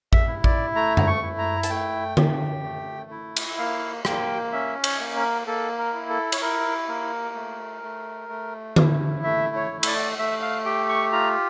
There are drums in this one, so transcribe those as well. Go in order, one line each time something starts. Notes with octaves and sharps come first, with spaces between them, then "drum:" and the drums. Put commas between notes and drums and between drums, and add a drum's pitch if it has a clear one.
E5, drum: kick A1
E4
D5, drum: kick A1
A3 A#5
A#5, drum: tom F#2
C#6
E4
A#5
A5, drum: hi-hat
A3 G5
G4, drum: tom D3
A3
E4
drum: cymbal
A#3 F5
A#3 G5, drum: rim click
C#4 E5
C#5, drum: cymbal
A#3
A#4
A#3 A4
A#4
E4
A4
C#5, drum: cymbal
E4 A#4
A#3 A#4
A3
A3
A3
E4, drum: tom D3
A3 E5
C#5
A3
E5, drum: cymbal
D5
A3 E5
F5
G4 G5
C#6
F4 A#5